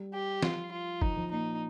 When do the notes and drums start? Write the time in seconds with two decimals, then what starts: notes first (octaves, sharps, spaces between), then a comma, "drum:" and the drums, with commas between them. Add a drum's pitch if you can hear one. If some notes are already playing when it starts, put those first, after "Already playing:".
Already playing: G3
0.14 G4
0.43 F3 F4, drum: snare
0.72 F4
1.02 F3 D#4, drum: kick
1.17 F3
1.31 A#2 D#4